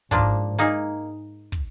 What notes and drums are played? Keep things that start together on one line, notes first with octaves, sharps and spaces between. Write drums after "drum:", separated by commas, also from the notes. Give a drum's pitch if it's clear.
G#2 F3 A#3 D4, drum: kick
A#3 D#4 G#4
drum: kick